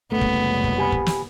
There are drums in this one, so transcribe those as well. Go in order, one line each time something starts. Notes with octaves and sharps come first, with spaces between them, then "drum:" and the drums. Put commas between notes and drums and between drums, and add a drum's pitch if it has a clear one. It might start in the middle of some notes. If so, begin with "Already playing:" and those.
F#1 C2 C#3 A3 B3
drum: kick
drum: kick
G4 G#5 B5
drum: kick
drum: snare